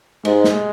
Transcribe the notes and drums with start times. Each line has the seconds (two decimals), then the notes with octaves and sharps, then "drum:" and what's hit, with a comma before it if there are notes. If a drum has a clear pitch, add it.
0.25 G#2 G#3, drum: cymbal
0.44 drum: snare